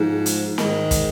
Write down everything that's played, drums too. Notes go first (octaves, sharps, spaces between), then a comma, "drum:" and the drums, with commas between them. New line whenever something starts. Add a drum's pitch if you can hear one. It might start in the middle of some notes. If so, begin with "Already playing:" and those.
Already playing: G#2 F3
drum: hi-hat
G#2 D#3, drum: snare
drum: kick, hi-hat